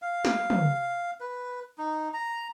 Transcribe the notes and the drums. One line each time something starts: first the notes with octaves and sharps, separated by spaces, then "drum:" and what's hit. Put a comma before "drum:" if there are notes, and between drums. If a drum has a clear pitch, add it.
F5
drum: snare
drum: tom
B4
D#4
A#5